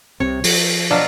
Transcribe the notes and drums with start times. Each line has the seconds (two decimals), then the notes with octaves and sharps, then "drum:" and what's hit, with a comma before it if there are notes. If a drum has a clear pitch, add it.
0.20 C2 C3 C4 C#5
0.44 F3, drum: open hi-hat
0.91 B2 F#3 D4 F5